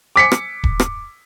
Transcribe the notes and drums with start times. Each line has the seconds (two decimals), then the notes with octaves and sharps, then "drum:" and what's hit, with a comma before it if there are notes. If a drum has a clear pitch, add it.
0.16 D6 B6 C#7
0.32 drum: rim click
0.64 drum: kick D#1
0.80 drum: rim click